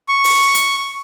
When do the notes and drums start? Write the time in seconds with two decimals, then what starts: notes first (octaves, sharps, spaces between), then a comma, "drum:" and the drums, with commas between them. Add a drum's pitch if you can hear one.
0.09 C#6
0.24 drum: open hi-hat
0.54 drum: hi-hat